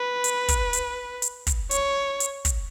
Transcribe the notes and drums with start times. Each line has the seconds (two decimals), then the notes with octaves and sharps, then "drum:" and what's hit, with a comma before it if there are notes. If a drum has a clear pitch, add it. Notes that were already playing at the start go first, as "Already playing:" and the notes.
Already playing: B4
0.24 drum: hi-hat
0.48 drum: kick, hi-hat
0.73 drum: hi-hat
1.22 drum: hi-hat
1.47 drum: kick, hi-hat
1.71 C#5, drum: hi-hat
2.20 drum: hi-hat
2.45 drum: kick, hi-hat